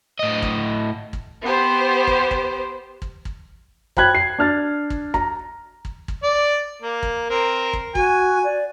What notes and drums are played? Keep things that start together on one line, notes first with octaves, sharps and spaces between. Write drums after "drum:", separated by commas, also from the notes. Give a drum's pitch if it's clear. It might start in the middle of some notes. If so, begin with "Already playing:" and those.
A2 D#5
drum: kick
drum: kick
B3 G4 C5
drum: kick
drum: kick
drum: kick
drum: kick
C5 G5 B5 F#6 G#6, drum: kick
C7
D4 F6 A6
drum: kick
A#5, drum: kick
drum: kick
drum: kick
D5
A#3
drum: kick
C4 A#4
drum: kick
F#4 G#5, drum: kick
D5